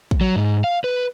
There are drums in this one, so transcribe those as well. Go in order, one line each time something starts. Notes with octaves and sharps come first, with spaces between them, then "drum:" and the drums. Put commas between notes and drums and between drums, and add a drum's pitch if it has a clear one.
drum: kick
F#3
G#2
F5
B4